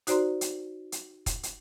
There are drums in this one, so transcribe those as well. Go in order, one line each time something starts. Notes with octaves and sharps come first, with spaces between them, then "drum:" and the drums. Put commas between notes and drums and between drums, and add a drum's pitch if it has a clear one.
D#4 F#4 C5 D5 A#5 C6, drum: hi-hat
drum: hi-hat
drum: hi-hat
drum: kick, hi-hat
drum: hi-hat